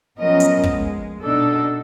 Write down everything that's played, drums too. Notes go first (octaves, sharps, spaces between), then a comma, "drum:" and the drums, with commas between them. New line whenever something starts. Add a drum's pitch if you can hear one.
F3 F#3 B3 C#4 A#4 D#5
drum: hi-hat
G#3, drum: kick
B2 D4 D#4 A4